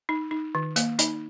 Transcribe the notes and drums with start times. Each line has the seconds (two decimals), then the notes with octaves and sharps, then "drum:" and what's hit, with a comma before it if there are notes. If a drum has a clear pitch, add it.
0.09 D#4
0.31 D#4
0.55 D#3
0.76 A#3, drum: hi-hat
0.99 D#4, drum: hi-hat